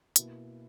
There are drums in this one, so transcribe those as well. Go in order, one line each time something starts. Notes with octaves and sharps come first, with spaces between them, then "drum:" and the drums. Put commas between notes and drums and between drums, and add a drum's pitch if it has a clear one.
B2 A#3 E4, drum: hi-hat